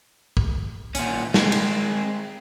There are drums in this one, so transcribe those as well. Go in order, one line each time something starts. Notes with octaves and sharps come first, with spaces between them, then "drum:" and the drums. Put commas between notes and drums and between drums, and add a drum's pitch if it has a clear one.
drum: kick
A#2 C#4, drum: hi-hat
G#3 C4, drum: snare
drum: cymbal